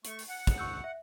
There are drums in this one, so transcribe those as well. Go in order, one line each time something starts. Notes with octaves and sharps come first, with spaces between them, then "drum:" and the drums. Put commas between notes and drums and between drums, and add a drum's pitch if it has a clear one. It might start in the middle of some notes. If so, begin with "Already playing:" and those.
A3 C#6, drum: hi-hat
drum: open hi-hat
F#5
drum: kick, hi-hat
C#6 E6 G6
E5